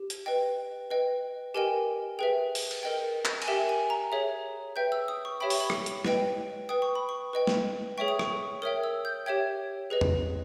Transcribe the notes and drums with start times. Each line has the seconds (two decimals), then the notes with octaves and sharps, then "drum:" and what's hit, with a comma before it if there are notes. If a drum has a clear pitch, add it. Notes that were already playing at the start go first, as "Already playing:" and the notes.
Already playing: G4
0.10 drum: hi-hat
0.26 B4 D#5 G5
0.90 B4 D#5 G5
1.54 G4 A#4 D#5 G5 G#5
2.19 G#4 B4 E5 G5
2.55 drum: open hi-hat
2.71 drum: cymbal
2.83 A#4 D#5 G5
3.25 drum: clap
3.42 G#5, drum: cymbal
3.47 G4 A#4 E5 G5
3.69 G#5
3.90 A#5
4.12 G#4 C#5 E5
4.76 B4 E5 G5 G6
4.92 E6
5.08 D#6
5.25 C#6
5.40 G4 C#5 E5 G5 B5
5.50 C#6, drum: open hi-hat
5.60 B5
5.70 drum: rim click
5.86 drum: hi-hat
6.05 B4 D#5 G5, drum: snare
6.69 B4 G5 D#6
6.82 C#6
6.95 B5
7.09 C#6
7.33 B4 D#5 G5
7.47 drum: snare
7.98 G#4 C#5 E5 G5 C#6
8.08 D#6
8.19 C#6, drum: rim click
8.62 A#4 C#5 E5 G5 D#6
8.84 E6
9.05 G6
9.26 G4 C#5 E5 G5 G#6
9.90 G#4 B4 D#5
10.01 drum: tom E2